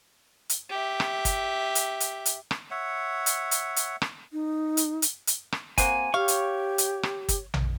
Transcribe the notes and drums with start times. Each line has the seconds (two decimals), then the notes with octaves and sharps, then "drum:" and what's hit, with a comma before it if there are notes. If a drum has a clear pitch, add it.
0.49 drum: hi-hat
0.70 G4 E5
1.00 drum: rim click
1.25 drum: kick, hi-hat
1.75 drum: hi-hat
2.00 drum: hi-hat
2.26 drum: hi-hat
2.51 drum: rim click
2.71 C#5 E5 F#5
3.26 drum: hi-hat
3.51 drum: hi-hat
3.76 drum: hi-hat
4.02 drum: rim click
4.33 D#4
4.77 drum: hi-hat
5.02 drum: hi-hat
5.27 drum: hi-hat
5.52 drum: rim click
5.78 A#3 C4 F#4 G#5, drum: kick, hi-hat
6.14 G4 C#5 F5 C#6
6.28 drum: hi-hat
6.78 drum: hi-hat
7.03 drum: rim click
7.29 drum: kick, hi-hat
7.54 drum: tom A#1